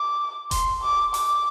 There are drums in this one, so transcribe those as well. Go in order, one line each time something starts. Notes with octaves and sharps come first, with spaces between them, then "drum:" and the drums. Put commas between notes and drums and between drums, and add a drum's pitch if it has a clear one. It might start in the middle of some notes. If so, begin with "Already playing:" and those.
Already playing: D6
C6, drum: kick E1, hi-hat
D6
D6, drum: open hi-hat